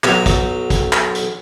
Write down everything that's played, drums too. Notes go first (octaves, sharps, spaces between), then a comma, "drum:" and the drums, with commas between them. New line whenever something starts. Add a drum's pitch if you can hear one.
B1 F#3, drum: clap
drum: kick, hi-hat
drum: kick, hi-hat
drum: clap
drum: hi-hat